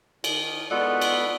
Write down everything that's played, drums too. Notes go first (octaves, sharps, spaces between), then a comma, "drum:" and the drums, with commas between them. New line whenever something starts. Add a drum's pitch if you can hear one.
D#3, drum: cymbal
G#3 B3 F4 F#4 A4 B4 D5
drum: cymbal